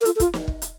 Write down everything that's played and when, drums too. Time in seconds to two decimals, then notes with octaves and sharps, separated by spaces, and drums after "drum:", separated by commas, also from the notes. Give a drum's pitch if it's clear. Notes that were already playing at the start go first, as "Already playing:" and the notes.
0.01 A#4
0.05 F4 A4, drum: hi-hat
0.16 A4
0.20 F4, drum: kick, hi-hat
0.34 drum: snare
0.48 drum: kick
0.62 drum: hi-hat